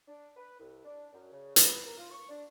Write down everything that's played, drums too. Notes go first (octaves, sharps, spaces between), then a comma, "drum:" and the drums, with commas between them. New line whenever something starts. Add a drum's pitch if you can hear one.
D4
B4
C2
D4
F#2
C#3
B4, drum: hi-hat
A#4
F4
C#6
D4